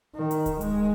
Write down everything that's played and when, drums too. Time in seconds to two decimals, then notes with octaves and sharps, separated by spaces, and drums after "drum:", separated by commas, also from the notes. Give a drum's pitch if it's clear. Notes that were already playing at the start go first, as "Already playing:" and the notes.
0.15 D#3
0.31 drum: hi-hat
0.46 drum: kick D1, hi-hat
0.61 G#3, drum: hi-hat